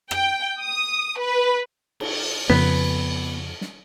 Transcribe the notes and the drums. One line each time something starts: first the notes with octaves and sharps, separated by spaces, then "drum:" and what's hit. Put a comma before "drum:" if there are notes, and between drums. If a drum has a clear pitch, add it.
G5, drum: rim click
D#6
B4
drum: cymbal
F2 C#3 B3
drum: snare